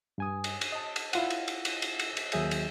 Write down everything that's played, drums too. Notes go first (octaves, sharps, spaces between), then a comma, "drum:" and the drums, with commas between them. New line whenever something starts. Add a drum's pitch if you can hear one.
G2 G#5 D#6
drum: cymbal
drum: cymbal
D#5 A5
drum: cymbal
E4 F4 F#5, drum: cymbal
drum: cymbal
drum: cymbal
drum: cymbal
drum: cymbal
drum: cymbal
drum: cymbal
D#2 F#3 G#4 E5 G6, drum: cymbal
drum: cymbal